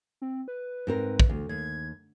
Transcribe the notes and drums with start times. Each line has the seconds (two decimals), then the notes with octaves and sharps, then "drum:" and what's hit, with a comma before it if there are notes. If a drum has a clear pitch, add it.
0.22 C4
0.48 B4
0.87 G#2 C4 A#4
1.20 drum: kick
1.29 D2
1.49 D#2 G#6